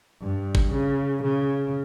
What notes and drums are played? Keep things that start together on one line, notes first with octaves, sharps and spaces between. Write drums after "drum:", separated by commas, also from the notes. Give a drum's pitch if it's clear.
G2
drum: kick G1
C#3
C#3